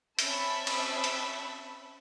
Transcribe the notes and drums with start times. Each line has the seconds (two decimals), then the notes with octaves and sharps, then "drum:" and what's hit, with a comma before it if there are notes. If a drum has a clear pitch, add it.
0.19 C4 C#4 E5 A5 B5, drum: hi-hat
0.67 drum: cymbal
1.04 drum: hi-hat